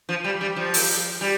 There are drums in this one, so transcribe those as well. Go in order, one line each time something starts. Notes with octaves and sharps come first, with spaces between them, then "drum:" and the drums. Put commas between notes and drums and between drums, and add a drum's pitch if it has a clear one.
F3
G3
G3
F3
drum: open hi-hat
G3